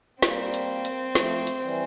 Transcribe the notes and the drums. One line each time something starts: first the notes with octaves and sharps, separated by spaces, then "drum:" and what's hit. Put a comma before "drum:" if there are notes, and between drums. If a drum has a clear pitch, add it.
G3 A#3 C4, drum: snare
drum: hi-hat
drum: hi-hat
F3 A3, drum: snare
drum: hi-hat
E3 G3